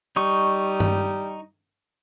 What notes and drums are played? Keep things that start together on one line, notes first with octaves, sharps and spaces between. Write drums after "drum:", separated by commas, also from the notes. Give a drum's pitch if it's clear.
G3 D#4 C#6
drum: tom G2